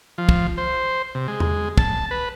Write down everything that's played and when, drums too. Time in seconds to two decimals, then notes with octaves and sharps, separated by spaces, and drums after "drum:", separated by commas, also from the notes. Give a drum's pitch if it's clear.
0.18 F3
0.29 drum: kick
0.57 C5
1.15 C3
1.28 G#3
1.40 drum: tom E2
1.78 A5, drum: kick
2.11 B4